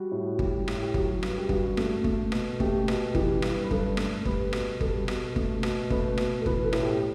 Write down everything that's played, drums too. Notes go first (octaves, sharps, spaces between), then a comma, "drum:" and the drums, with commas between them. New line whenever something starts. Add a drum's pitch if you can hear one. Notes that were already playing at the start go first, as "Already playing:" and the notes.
Already playing: G3 F#4
A2
F#4
G3 G4, drum: kick G1
A2, drum: rim click
G4
F#3 F#4, drum: kick G1
G2, drum: rim click
G4
G2 F#4, drum: kick G1
A3, drum: rim click
A3, drum: kick G1
B2, drum: rim click
A3 G4, drum: kick G1
B2, drum: rim click
E3 G4, drum: kick G1
G2, drum: rim click
B4
G2 A4, drum: kick G1
A3, drum: rim click
G3 B4, drum: kick G1
B2, drum: rim click
G3 A4, drum: kick G1
B2, drum: rim click
A3, drum: kick G1
B2, drum: rim click
A3 B4, drum: kick G1
B2, drum: rim click
A4
E3 B4, drum: kick G1
A4
A2, drum: rim click
G4